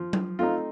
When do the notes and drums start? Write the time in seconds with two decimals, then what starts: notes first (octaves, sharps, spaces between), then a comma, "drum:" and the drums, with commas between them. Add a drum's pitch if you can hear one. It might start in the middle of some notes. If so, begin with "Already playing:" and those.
Already playing: F3
0.13 drum: tom F#3
0.39 A3 C4 D#4 F4